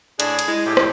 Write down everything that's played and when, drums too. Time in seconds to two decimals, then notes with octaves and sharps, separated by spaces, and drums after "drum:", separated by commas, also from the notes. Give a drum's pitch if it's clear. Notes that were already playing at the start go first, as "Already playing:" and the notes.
0.20 A2 D4 G#4, drum: cymbal
0.39 drum: cymbal
0.48 G#3 E4
0.66 A2 G4
0.77 drum: rim click